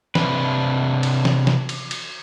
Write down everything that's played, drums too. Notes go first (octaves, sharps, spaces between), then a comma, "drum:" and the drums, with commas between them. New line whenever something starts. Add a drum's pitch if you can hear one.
C3 D4 B4, drum: snare
drum: cymbal
drum: snare
drum: snare
drum: cymbal
drum: cymbal